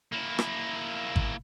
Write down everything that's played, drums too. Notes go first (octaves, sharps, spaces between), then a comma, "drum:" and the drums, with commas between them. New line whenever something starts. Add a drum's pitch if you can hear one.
A#3 E4
drum: rim click
drum: kick